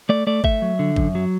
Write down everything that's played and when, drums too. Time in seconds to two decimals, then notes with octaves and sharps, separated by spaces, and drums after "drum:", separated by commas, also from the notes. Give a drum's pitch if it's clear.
0.09 A3 D5
0.27 A3 D5
0.44 A3 E5, drum: kick
0.62 F#3
0.79 D3
0.96 F#2, drum: kick
1.15 F#3